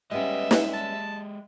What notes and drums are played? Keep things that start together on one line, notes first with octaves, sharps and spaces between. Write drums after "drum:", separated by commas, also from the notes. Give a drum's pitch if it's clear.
G3 G#3 B3 C#4 G4 D#5 E5
drum: snare
A5